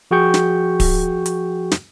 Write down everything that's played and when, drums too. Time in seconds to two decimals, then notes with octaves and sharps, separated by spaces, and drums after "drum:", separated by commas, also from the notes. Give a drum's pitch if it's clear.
0.11 F3 F#4 G#4 G5 C#6 G6
0.34 drum: snare
0.80 drum: kick D1, open hi-hat
1.26 drum: hi-hat
1.71 drum: snare